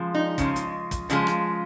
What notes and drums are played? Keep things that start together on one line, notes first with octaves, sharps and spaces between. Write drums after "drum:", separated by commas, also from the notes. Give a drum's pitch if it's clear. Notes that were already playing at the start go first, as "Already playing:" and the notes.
Already playing: C#3 F3 G#3
D#4
C#3 F3 G#3, drum: kick, hi-hat
drum: hi-hat
drum: kick, hi-hat
C#3 F3 G#3, drum: hi-hat
drum: rim click